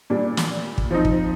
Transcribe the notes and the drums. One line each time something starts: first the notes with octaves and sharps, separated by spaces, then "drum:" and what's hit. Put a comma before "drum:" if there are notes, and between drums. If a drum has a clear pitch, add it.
A#2 G3 D4
drum: snare
drum: kick
F3 C4 D#4
drum: kick